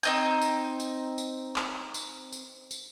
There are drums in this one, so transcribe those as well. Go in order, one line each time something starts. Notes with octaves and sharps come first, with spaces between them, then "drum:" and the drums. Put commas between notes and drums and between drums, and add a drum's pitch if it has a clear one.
C4 D#4 G6, drum: tambourine
drum: tambourine
drum: tambourine
drum: tambourine
drum: clap
drum: tambourine
drum: tambourine
drum: tambourine